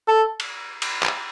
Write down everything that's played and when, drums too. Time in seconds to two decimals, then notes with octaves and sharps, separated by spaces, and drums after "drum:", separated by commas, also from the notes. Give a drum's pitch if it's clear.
0.08 A4
0.40 drum: cymbal
0.82 drum: cymbal
1.03 drum: clap